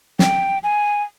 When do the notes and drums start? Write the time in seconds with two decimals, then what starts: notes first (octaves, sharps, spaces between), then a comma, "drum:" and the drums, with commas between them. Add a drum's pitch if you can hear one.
0.19 G5, drum: snare
0.63 G#5